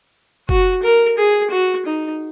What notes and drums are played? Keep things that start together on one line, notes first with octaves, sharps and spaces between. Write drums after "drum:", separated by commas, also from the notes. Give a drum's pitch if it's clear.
F#4, drum: kick F#1
A#4
G#4
F#4
D#4